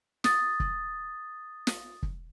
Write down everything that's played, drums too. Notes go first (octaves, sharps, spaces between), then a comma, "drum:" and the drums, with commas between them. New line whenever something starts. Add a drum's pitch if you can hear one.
D#6 A6, drum: snare
drum: kick
drum: snare
drum: kick